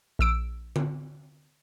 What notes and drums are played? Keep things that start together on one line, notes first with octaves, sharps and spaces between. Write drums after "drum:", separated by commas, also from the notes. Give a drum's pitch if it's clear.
A#1 E6 D7
drum: tom D3